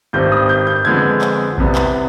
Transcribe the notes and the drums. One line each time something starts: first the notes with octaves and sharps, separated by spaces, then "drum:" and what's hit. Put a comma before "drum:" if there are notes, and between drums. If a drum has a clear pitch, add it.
G#1 G2 D#3 G3 C4 G6
D#6
G6
G6
F2 D3 G#3 B3 G#6
drum: clap
C2 C3 G3 B3, drum: kick A1
drum: clap